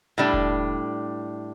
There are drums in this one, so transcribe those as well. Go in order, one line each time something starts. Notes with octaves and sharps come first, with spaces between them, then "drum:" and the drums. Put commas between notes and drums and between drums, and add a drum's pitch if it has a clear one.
A2 G3 D4
drum: kick E1